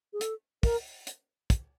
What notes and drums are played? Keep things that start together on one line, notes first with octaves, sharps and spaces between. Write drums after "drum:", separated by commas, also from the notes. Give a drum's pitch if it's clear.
G#4
A4, drum: hi-hat
A#4, drum: kick, open hi-hat
drum: hi-hat
drum: kick, hi-hat